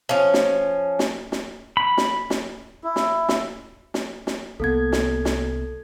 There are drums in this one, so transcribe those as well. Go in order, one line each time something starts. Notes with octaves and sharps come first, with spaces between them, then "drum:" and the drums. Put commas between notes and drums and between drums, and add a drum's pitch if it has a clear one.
F3 C#4
drum: snare
drum: snare
drum: snare
B5
drum: snare
drum: snare
E4
drum: snare
drum: snare
drum: snare
drum: snare
C2 A#3 B3 A4 G#6
drum: snare
drum: snare